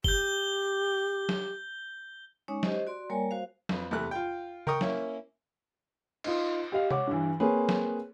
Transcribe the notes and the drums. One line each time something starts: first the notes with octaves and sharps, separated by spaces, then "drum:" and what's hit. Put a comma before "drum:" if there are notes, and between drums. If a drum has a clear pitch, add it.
G4 G6 G7, drum: kick
drum: snare
G#3 C#4 D#4 C#5 D6 D#6
G4 C5 D#5, drum: snare
F#4 D5 C6
G3 A#3 A#4 C#5 D5 G#5
F#4 C5 F5
F2 B4, drum: snare
E2 C3 A3 F#6
F4 G5
A#4 G5 A#5 C#6 D#6, drum: tom C#3
A#3 C#4 E4, drum: snare
D#4 F4, drum: cymbal
G4 D#5 F5
C#5 F#5 D6, drum: tom C3
G2 E3
A#3 C4 G#4 B4 C#5
drum: snare